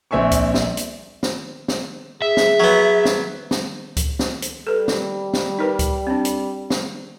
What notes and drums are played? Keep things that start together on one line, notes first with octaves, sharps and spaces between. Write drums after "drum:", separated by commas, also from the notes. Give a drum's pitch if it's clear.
A#1 C4 E5 G#5 C#6
drum: kick C#2, hi-hat
drum: snare
drum: hi-hat
drum: snare
drum: snare
G#4 E5
drum: snare
F#3 B3
drum: snare
drum: snare
drum: kick C#2, hi-hat
drum: snare
drum: hi-hat
G3 A4 B4
drum: snare
drum: snare
D#4 A#4 B4
drum: kick C#2, hi-hat
C4 D4
drum: hi-hat
drum: snare